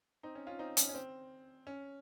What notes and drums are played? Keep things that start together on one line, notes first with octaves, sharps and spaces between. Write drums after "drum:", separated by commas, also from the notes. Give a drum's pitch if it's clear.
C4 D#4
C#4
C#4 F4
C4 D#4
C#4, drum: hi-hat
C#4
C4
C#4